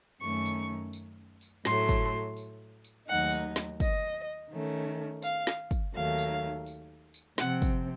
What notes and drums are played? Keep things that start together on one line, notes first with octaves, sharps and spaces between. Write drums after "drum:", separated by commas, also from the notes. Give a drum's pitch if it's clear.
F#2 D#3 A3 C#4 C#6
drum: tambourine
drum: tambourine
drum: tambourine
A2 F#3 A3 C6, drum: snare
drum: kick, tambourine
drum: tambourine
drum: tambourine
D#2 D#3 F#3 A3 D#4 F#5
drum: tambourine
drum: snare
D#5, drum: kick, tambourine
D#3 A3 C#4
F5, drum: tambourine
drum: snare
drum: kick, tambourine
D#2 D#3 F#3 A3 F5
drum: tambourine
drum: tambourine
drum: tambourine
C3 F3 C4 F#5, drum: snare
drum: kick, tambourine